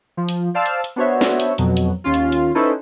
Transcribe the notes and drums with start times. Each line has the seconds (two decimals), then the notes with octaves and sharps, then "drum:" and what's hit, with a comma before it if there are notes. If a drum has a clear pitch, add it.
0.17 F3
0.29 drum: hi-hat
0.54 C5 D5 F5 A5 E6
0.66 drum: hi-hat
0.84 drum: hi-hat
0.96 B3 D4 F#4 C5 C#5 E5
1.21 drum: snare
1.40 drum: hi-hat
1.58 F2 B2 F#3, drum: hi-hat
1.77 drum: hi-hat
2.04 D#2 C#4 F4
2.14 drum: hi-hat
2.32 drum: hi-hat
2.55 C#4 D#4 E4 A4 B4 C5